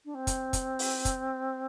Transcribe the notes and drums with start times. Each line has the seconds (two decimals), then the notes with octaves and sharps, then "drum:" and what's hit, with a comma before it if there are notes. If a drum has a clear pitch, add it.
0.04 D4
0.14 C4
0.27 drum: kick, hi-hat
0.53 drum: kick, hi-hat
0.79 drum: open hi-hat
1.05 drum: kick, hi-hat